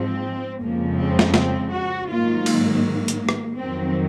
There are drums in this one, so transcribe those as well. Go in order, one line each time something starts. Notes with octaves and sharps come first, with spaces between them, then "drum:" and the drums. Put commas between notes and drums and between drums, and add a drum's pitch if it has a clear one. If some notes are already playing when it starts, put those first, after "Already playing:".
Already playing: G#2 F3 G#3 C4
F2 C#3 F3 G#3 A#3
C4
drum: snare
C4, drum: snare
F#4
G#2 D#3 F#3 A#3 F4
A#3, drum: cymbal
drum: hi-hat
drum: rim click
F2 D#3 F#3 C4